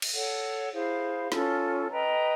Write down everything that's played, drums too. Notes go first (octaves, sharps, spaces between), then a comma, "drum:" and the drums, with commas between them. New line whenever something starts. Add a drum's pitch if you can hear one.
drum: cymbal
A4 C#5 F#5
E4 G#4 C5 F5
C#4 F4 A4, drum: snare
B4 D#5 G5 A#5